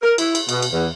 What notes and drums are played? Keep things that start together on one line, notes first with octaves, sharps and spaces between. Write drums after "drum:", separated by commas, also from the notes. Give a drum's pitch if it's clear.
A#4
E4, drum: cymbal
drum: cymbal
B2, drum: cymbal
drum: cymbal
E2